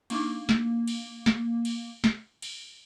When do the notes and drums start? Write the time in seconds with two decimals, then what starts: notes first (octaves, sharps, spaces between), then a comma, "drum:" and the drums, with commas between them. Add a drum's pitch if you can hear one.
0.10 A#3 D4 D#4 D6, drum: cymbal
0.49 drum: snare
0.87 drum: cymbal
1.26 drum: snare
1.65 drum: cymbal
2.04 drum: snare
2.42 drum: cymbal